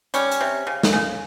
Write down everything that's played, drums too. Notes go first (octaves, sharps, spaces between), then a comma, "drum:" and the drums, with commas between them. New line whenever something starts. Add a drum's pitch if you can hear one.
G3 C#4, drum: hi-hat
drum: hi-hat
C3
C#3
drum: snare
C#3